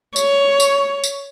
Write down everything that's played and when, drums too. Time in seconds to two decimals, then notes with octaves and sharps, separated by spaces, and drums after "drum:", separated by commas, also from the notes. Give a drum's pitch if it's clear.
0.16 C#5, drum: tambourine
0.60 drum: tambourine
1.04 drum: tambourine